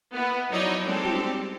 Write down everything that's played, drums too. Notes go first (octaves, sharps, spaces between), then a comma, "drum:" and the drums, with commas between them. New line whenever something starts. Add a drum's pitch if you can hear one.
B3 E4
F3 F#3 D#4 E4 C#5 D5
G3 G#3 C4 G4 A4
drum: tom